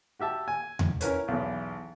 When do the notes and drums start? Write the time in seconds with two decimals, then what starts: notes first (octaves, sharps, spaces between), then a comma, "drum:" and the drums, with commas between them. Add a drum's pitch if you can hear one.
0.19 F#4 G4 E5 A5
0.48 G#5
0.79 drum: tom E2
1.01 C#4 E4 A#4 B4 C#5, drum: hi-hat
1.28 B1 E2